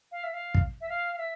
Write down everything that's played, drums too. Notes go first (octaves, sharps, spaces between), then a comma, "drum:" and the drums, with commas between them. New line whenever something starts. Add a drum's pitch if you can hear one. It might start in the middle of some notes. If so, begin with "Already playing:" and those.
F5
E5
F5
drum: kick
E5
F5
F5
E5